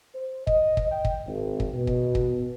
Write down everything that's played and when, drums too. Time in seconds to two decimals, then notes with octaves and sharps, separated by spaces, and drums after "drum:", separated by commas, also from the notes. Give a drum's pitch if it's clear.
0.15 C5
0.47 D#5, drum: kick
0.77 drum: kick
0.92 G5
1.05 drum: kick
1.27 G#1
1.60 drum: kick
1.74 B2
1.87 drum: kick
2.15 drum: kick